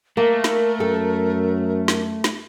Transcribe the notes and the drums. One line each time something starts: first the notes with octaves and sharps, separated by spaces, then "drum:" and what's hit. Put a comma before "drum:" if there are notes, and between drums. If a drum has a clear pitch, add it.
A3 A#3 A#4
drum: snare
F#2 A4
drum: snare
drum: snare